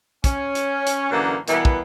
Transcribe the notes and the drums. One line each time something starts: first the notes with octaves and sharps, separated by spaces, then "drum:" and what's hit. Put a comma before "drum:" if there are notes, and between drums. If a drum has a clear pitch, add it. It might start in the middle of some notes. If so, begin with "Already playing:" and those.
C#4, drum: kick, hi-hat
drum: hi-hat
drum: hi-hat
F#2 D3 E3 A#3
B2 E3 G3 A#3 B3, drum: hi-hat
drum: kick